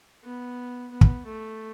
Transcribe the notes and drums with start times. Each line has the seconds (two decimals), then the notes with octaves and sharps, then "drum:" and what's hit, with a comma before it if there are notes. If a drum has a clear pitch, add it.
0.24 B3
0.91 B3
1.01 drum: kick
1.25 A3